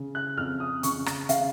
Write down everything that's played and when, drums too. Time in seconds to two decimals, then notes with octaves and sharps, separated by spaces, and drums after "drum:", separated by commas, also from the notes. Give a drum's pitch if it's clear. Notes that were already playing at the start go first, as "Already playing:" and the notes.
Already playing: C#3
0.15 F#6
0.38 F2 F6
0.60 D#6
0.83 C#3 C#6, drum: hi-hat
1.06 drum: rim click
1.29 C#3 F5, drum: hi-hat